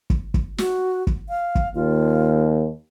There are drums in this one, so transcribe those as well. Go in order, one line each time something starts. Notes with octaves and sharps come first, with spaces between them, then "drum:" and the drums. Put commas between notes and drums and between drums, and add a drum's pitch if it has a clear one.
drum: kick
drum: kick
F#4, drum: snare
drum: kick
F5
drum: kick
D#2 F4